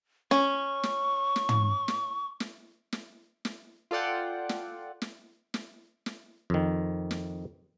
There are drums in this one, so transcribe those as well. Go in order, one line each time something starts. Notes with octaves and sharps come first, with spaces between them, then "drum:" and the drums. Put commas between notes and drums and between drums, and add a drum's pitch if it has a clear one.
C#4 C#6, drum: snare
drum: snare
drum: snare
drum: tom
drum: snare
drum: snare
drum: snare
drum: snare
F4 A4 D5 F#5 G5
drum: snare
drum: snare
drum: snare
drum: snare
F2 D#3
drum: snare